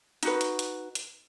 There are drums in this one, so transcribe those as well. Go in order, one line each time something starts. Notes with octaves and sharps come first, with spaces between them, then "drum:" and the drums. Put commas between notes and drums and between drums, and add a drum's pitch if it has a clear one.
D#4 F#4 B4, drum: hi-hat
drum: hi-hat
drum: hi-hat
drum: hi-hat